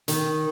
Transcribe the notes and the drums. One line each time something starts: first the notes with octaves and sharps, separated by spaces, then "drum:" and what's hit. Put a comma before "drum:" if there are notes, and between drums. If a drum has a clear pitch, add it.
D#3, drum: hi-hat